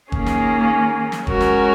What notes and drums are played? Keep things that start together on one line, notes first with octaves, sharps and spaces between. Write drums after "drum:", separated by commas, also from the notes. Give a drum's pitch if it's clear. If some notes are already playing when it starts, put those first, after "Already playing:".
D#3 A#3 C#4 G#4, drum: kick
drum: snare
drum: snare
G#3 C#4 F#4 A#4, drum: kick
drum: snare